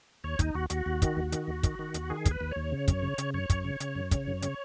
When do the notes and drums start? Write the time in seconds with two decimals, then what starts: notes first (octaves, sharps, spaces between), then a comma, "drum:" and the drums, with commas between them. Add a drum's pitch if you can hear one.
0.24 D#2 C#5
0.39 D#2 D#4, drum: kick, hi-hat
0.55 D#2 F#4
0.70 D#2 F#4, drum: hi-hat
0.86 D#2
1.02 D#3, drum: kick, hi-hat
1.17 D#2
1.32 D#3, drum: hi-hat
1.48 D#2
1.63 D#3, drum: kick, hi-hat
1.79 D#3
1.94 D#2, drum: hi-hat
2.10 D#3 G#4
2.25 D#2, drum: kick, hi-hat
2.31 B4
2.41 D#2
2.51 D#2 C#5
2.72 C#3
2.88 F#2, drum: kick, hi-hat
3.03 C#3
3.18 C#3, drum: hi-hat
3.34 F#2 C#5
3.50 F#2, drum: kick, hi-hat
3.65 C#3
3.80 C#3, drum: hi-hat
3.95 F#2
4.11 C#3, drum: kick, hi-hat
4.27 F#2
4.42 C#3, drum: hi-hat